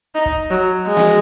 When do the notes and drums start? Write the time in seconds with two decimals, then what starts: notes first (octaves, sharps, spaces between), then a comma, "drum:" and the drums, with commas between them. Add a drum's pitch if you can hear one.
0.15 D#4
0.26 drum: kick
0.50 F#3
0.87 G#3
0.97 drum: snare